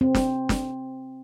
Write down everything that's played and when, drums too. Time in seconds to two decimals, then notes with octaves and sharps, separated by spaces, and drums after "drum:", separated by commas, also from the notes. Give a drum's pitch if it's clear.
0.01 C4
0.15 drum: snare
0.49 drum: snare